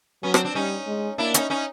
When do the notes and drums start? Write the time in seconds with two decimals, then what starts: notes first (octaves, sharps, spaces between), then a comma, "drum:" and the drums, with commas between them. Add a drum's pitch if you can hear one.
0.23 F#3 B3 C#4
0.34 C4 D4, drum: rim click
0.45 C4 D4
0.55 G3 C#4 D#4
0.87 G#3
1.18 A#3 D4 E4
1.34 C#4 D#4, drum: hi-hat
1.50 C#4 D#4